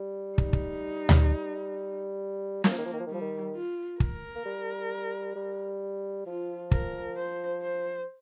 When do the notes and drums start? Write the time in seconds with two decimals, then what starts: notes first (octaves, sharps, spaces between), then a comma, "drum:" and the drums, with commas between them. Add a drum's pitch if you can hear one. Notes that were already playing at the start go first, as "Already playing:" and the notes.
Already playing: G3
0.38 D#4, drum: kick
0.53 drum: kick
1.09 drum: tom D2
2.64 D#3 A#3, drum: snare
2.71 F3
2.78 D#3
2.86 F3
2.93 D#3
2.99 F3
3.06 D#3
3.10 F3 G3
3.21 D#3
3.55 F4
4.00 A#4, drum: kick
4.36 A#3
4.45 G3
5.36 G3
6.26 F3 F4
6.71 A#4, drum: kick
7.17 C5
7.62 C5